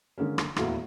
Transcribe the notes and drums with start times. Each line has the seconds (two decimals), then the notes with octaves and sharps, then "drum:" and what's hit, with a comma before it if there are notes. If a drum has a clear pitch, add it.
0.18 D3 G#3 A#3 C#4
0.38 drum: rim click
0.56 D#1 E2 A3 E4 F#4 F5, drum: rim click